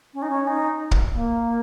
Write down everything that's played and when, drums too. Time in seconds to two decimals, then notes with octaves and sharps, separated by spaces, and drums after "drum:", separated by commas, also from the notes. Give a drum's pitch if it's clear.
0.14 C#4
0.22 D#4
0.30 C#4
0.47 D#4
0.91 drum: kick
1.14 A#3